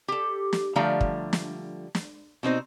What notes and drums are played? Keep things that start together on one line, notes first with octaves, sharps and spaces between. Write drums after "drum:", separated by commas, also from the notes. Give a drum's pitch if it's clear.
G4 A4
drum: snare
D3 F3 G3 A3 F5 A#5
drum: kick
drum: snare
drum: snare
B2 C4 D#4 C5